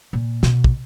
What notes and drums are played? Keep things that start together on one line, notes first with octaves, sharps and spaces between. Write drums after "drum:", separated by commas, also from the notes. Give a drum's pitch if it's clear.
A#2
B2, drum: snare
drum: kick